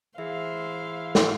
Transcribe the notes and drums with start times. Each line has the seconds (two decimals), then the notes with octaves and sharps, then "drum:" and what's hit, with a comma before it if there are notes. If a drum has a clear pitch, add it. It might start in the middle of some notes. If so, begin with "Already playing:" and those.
0.18 E3 G#4 C5 E5 F5
1.15 drum: snare